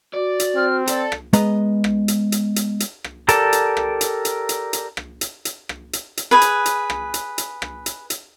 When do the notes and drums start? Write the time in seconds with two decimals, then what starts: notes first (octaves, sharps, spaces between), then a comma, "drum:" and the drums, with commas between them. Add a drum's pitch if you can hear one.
0.14 F#4 D5
0.40 drum: hi-hat
0.55 C4 F6
0.87 A4 D5, drum: hi-hat
1.12 drum: rim click
1.33 G#3 B3 B4 D#5 A#5, drum: hi-hat
1.84 drum: rim click
2.08 drum: hi-hat
2.32 drum: hi-hat
2.56 drum: hi-hat
2.80 drum: hi-hat
3.04 drum: rim click
3.28 G4 A4 A#4 D5 A5, drum: hi-hat
3.53 drum: hi-hat
3.77 drum: rim click
4.01 drum: hi-hat
4.25 drum: hi-hat
4.49 drum: hi-hat
4.73 drum: hi-hat
4.97 drum: rim click
5.21 drum: hi-hat
5.45 drum: hi-hat
5.69 drum: rim click
5.93 drum: hi-hat
6.17 drum: hi-hat
6.31 G#4 B4
6.41 drum: hi-hat
6.66 drum: hi-hat
6.90 drum: rim click
7.14 drum: hi-hat
7.38 drum: hi-hat
7.62 drum: rim click
7.86 drum: hi-hat
8.10 drum: hi-hat